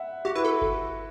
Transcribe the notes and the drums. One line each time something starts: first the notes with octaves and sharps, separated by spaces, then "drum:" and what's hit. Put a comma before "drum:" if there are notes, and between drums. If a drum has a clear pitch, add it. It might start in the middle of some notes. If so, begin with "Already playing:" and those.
Already playing: E5 F#5
F#4 G4
E4 B4
A4
drum: kick G1